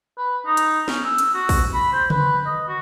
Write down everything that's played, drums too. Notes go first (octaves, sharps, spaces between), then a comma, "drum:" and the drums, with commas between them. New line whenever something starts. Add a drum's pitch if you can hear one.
B4
D#4
drum: hi-hat
C#4, drum: snare
E6
drum: hi-hat
F#4
drum: kick, open hi-hat
B5
C5
B4, drum: tom C#3
D#5
F#4